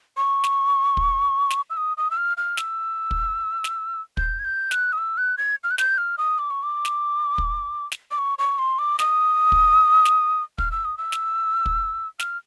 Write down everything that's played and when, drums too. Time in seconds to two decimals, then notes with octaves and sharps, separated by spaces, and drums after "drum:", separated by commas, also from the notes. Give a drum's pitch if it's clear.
0.17 C#6
0.44 drum: snare
0.97 drum: kick
1.50 drum: snare
1.70 E6
1.77 D#6
1.97 D#6
2.11 E6
2.17 F6
2.37 F6
2.57 E6, drum: snare
3.11 drum: kick
3.64 drum: snare
4.17 G6, drum: kick
4.39 G#6
4.45 G6
4.71 F#6, drum: snare
4.93 D#6
4.98 E6
5.17 F#6
5.38 G#6
5.64 F6
5.71 F#6
5.78 G6, drum: snare
5.98 F6
6.18 D#6
6.39 D6
6.50 C#6
6.63 D6
6.85 drum: snare
7.38 drum: kick
7.92 drum: snare
8.11 D6
8.18 C#6
8.39 C#6
8.59 C6
8.79 D6
8.99 D#6, drum: snare
9.52 drum: kick
10.05 drum: snare
10.58 F6, drum: kick
10.72 E6
10.85 D#6
10.98 E6
11.12 drum: snare
11.66 drum: kick
12.19 F6, drum: snare